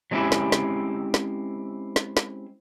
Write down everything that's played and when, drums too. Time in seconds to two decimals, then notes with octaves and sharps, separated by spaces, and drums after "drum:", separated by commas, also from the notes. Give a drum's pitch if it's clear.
0.11 F#3 G#3 C4 C#4 E4 G4
0.32 drum: snare
0.52 drum: snare
1.14 drum: snare
1.96 drum: snare
2.17 drum: snare